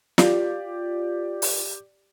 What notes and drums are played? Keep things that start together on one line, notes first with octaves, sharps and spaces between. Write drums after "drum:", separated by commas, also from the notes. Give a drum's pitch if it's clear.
F4 G4 D5, drum: snare
drum: open hi-hat